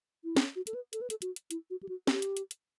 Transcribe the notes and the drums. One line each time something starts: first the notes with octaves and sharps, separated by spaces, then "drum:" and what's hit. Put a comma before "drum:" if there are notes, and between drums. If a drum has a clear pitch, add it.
E4
D4, drum: snare
F#4
A4, drum: hi-hat
B4
A4, drum: hi-hat
B4
A4, drum: hi-hat
F#4, drum: hi-hat
drum: hi-hat
E4, drum: hi-hat
F#4
G4
F#4
G4, drum: snare
drum: hi-hat
drum: hi-hat
drum: hi-hat